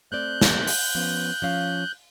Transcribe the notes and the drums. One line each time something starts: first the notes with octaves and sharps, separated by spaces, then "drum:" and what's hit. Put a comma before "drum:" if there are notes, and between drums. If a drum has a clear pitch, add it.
A3 C4 D5 F#6 G6
drum: snare
drum: open hi-hat
F3 B3 C#4
F3 C#4 F5